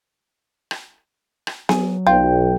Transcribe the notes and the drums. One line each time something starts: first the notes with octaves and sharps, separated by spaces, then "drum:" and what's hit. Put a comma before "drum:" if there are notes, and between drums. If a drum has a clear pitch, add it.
drum: rim click
drum: rim click
F#3 G#4, drum: snare B3
B1 F4 G5